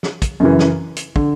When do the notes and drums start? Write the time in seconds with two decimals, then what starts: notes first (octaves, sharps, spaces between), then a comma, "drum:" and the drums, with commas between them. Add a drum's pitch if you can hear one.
0.03 drum: snare
0.22 drum: kick, hi-hat
0.40 F#2 C#3 E3
0.59 drum: snare
0.96 drum: hi-hat
1.16 D3, drum: kick